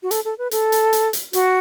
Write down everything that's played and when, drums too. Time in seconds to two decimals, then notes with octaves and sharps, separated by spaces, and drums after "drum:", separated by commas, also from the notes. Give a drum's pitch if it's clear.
0.03 F#4
0.11 A4, drum: hi-hat
0.25 A4
0.38 B4
0.51 A4, drum: hi-hat
0.72 drum: hi-hat
0.93 drum: hi-hat
1.13 drum: hi-hat
1.33 F#4, drum: hi-hat